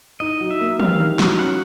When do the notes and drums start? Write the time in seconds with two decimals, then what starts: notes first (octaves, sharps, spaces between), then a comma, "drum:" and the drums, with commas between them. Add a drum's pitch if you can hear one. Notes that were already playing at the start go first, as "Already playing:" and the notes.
0.20 D#4 D#5
0.40 F#3
0.51 E5
0.60 A#3
0.79 G4 F5, drum: tom
0.99 D#4
1.19 F#3, drum: snare
1.38 C#4 F#5